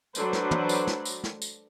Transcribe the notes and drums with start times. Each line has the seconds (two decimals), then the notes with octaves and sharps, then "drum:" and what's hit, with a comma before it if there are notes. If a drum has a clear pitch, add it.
0.15 F#3 D4 A4 B4 C5, drum: tambourine
0.33 drum: snare
0.51 drum: tom
0.69 drum: tambourine
0.87 drum: snare
1.05 drum: tambourine
1.24 drum: snare
1.42 drum: tambourine